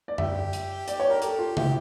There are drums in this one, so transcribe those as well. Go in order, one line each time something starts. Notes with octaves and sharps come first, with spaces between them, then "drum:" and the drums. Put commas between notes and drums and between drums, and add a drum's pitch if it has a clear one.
D5
G4 E5, drum: tom F#2
drum: hi-hat
D5, drum: hi-hat
C#5
A#4
G4 A4, drum: hi-hat
F4
E4 G4, drum: tom C3